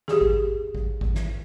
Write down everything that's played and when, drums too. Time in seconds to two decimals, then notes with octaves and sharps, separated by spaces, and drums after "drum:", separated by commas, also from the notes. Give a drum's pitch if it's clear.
0.08 G4 G#4, drum: snare
0.21 drum: kick G#1
0.75 drum: kick G#1
1.01 drum: kick G#1
1.15 drum: snare